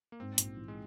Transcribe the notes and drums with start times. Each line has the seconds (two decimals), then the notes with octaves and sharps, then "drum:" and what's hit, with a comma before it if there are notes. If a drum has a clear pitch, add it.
0.12 A#3
0.20 G#2 C4
0.38 A#1, drum: hi-hat
0.57 E3
0.68 G#3